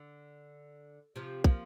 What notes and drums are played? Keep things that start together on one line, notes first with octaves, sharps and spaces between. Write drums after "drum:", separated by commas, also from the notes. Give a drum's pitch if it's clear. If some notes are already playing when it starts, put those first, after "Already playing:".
Already playing: D3
C3 F3
F3 A#3, drum: kick